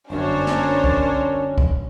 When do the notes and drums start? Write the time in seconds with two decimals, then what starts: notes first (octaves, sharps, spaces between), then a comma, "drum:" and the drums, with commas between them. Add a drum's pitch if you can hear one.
0.10 G1 F#2 C#4 D4 A#4 C5 C#5
0.47 drum: snare
0.84 drum: kick
1.58 drum: kick